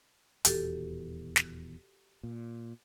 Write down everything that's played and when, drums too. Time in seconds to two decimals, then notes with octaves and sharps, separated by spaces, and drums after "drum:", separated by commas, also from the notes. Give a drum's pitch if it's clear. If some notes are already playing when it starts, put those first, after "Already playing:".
0.45 D#1 E2 B2 F#4 G4 A4, drum: hi-hat
1.36 drum: snare
2.23 A#2